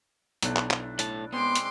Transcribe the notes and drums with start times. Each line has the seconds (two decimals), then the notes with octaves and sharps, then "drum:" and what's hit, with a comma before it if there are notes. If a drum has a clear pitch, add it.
0.42 B1 D4 E4, drum: hi-hat
0.57 drum: clap
0.71 drum: clap
0.99 A2 A5, drum: hi-hat
1.32 G#3 B3 C4 C6 D6
1.55 drum: hi-hat